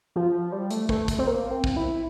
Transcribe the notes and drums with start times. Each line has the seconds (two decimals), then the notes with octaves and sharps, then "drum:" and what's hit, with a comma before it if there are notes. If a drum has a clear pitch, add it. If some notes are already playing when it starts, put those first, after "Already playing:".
0.16 F3
0.52 G3
0.71 A3, drum: hi-hat
0.89 A3, drum: kick
1.08 drum: kick, hi-hat
1.19 C4
1.27 A#3
1.51 C4
1.64 drum: kick
1.76 E4